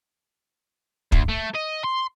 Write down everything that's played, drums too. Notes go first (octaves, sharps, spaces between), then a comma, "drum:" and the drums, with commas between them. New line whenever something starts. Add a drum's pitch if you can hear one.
D2, drum: kick
A3
D#5
C6